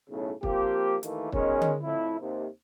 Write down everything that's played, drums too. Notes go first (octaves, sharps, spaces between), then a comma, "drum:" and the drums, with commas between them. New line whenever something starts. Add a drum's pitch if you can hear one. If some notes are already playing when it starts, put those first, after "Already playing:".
B1 A2 C#3
F3 A#3 C4 G4, drum: kick
D#2 D#3 E3 A3 A#3, drum: hi-hat
B2 D#3 G#3 C#4, drum: kick
drum: tom D3
F2 A2 E4
D#2 C3